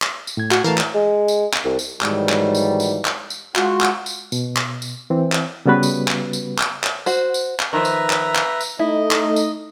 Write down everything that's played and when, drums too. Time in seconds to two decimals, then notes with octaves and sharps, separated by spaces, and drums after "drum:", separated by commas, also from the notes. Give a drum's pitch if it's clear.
0.02 drum: clap
0.27 drum: tambourine
0.37 A2 G#6
0.51 F#4, drum: clap
0.64 E3 A3 A#4 F5 A5
0.78 drum: clap
0.94 G#3
1.28 drum: tambourine
1.54 drum: clap
1.64 C2
1.79 drum: tambourine
2.01 G#2 D#3 E3 F#3 G3, drum: clap
2.29 drum: clap
2.55 drum: tambourine
2.80 drum: tambourine
3.05 drum: clap
3.30 drum: tambourine
3.56 G#3 F4 F#4, drum: clap
3.81 drum: clap
4.06 drum: tambourine
4.32 B2, drum: tambourine
4.57 drum: clap
4.82 drum: tambourine
5.10 E3 C4
5.32 drum: clap
5.66 C#3 G3 B3 F#4 B4
5.83 drum: tambourine
6.08 drum: clap
6.33 drum: tambourine
6.59 drum: clap
6.84 drum: clap
7.06 F#4 C5, drum: tambourine
7.34 drum: tambourine
7.60 drum: clap
7.73 D#3 F3 B4 E5 A#5
7.85 drum: tambourine
8.10 drum: clap
8.35 drum: clap
8.61 drum: tambourine
8.79 A3 D#4 E4 D#5
9.11 drum: clap
9.36 drum: tambourine